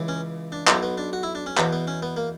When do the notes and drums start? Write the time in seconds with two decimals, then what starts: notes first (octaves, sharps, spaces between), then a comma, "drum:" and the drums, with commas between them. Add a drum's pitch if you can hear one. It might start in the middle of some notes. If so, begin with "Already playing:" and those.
Already playing: C#2 C#3 E3
0.08 C#4
0.52 D4
0.67 B1 B2 E4, drum: clap
0.83 B3
0.98 D4
1.13 F#4
1.23 E4
1.35 D4
1.46 C#4
1.57 E2 B2 B3, drum: clap
1.73 B3
1.87 C#4
2.02 B3
2.16 A#3